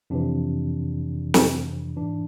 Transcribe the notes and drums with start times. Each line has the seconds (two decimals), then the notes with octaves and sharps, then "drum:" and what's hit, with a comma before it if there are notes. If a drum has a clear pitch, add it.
0.10 F2 C3 E3 D4
1.34 drum: snare
1.96 G#2 E3 D4